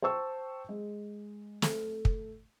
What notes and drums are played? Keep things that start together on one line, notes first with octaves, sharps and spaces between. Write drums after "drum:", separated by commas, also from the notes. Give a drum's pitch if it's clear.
C5 G5 A5 C#6 E6
G#3
A3, drum: snare
drum: kick